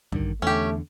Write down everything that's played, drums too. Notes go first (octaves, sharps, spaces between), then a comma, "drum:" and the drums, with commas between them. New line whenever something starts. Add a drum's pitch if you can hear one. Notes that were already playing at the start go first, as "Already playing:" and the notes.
G2 D3 D#3, drum: kick
E2 D3 A3 C#4 G4